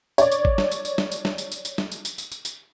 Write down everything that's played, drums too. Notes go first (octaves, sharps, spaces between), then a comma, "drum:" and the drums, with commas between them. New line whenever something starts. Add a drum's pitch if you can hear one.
C#5 D5, drum: tambourine
drum: tambourine
drum: kick G#1
drum: snare
drum: tambourine
drum: tambourine
drum: snare
drum: tambourine
drum: snare
drum: tambourine
drum: tambourine
drum: tambourine
drum: snare
drum: tambourine
drum: tambourine
drum: tambourine
drum: tambourine
drum: tambourine